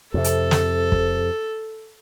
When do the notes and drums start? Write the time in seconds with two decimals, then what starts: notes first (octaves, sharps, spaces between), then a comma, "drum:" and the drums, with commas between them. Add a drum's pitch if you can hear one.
0.14 F2 C3 A4
0.24 drum: hi-hat
0.51 drum: snare
0.92 drum: kick